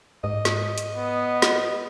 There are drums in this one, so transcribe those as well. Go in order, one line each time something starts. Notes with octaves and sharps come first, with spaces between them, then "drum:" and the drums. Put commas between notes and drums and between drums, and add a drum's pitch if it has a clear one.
G#2 D#5
drum: snare
drum: hi-hat
B3
drum: snare